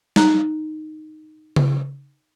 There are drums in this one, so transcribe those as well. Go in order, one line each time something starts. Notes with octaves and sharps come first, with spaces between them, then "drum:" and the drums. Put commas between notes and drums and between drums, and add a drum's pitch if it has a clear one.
D#4 A#5 F#6, drum: snare
drum: tom C#3